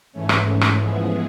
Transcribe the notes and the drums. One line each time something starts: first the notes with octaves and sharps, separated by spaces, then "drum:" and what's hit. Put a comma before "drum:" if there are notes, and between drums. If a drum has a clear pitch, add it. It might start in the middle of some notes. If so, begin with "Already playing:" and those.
G#2 E3 A3 C#4
drum: rim click
drum: rim click
F3 G#3 B3 E4 G#4